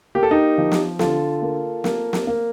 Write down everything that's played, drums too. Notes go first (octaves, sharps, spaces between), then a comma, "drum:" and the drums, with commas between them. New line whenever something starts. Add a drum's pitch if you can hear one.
A#3 G4
A4
D#4 G4
F3
drum: snare
D3 F4 A4, drum: snare
A#3
A#3, drum: snare
drum: snare
A#3